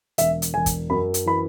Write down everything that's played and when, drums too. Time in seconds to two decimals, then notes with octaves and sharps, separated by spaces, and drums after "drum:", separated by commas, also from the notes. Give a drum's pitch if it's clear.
0.18 E1 E5, drum: hi-hat
0.42 drum: hi-hat
0.54 E1 G#5
0.66 drum: kick, hi-hat
0.90 F#2 B5
1.14 drum: hi-hat
1.26 E3 B5